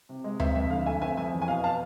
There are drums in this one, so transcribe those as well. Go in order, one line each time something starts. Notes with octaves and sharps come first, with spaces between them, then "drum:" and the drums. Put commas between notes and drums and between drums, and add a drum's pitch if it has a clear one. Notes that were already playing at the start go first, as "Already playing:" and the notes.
C3
G#3
C4 E5, drum: tom D2
F2 E5
D3 F5
A3 E5 G#5
C4 E5 G#5
F2 E5 G#5
E2
G#5
B2 F5
B3 F5 A5